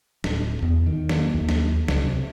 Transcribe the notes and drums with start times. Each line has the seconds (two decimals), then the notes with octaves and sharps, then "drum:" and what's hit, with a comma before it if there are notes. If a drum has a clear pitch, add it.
0.24 D1, drum: snare
0.62 E2
0.86 D#3
1.09 A#3, drum: snare
1.34 D#2
1.49 drum: snare
1.88 C#2, drum: snare
2.03 C3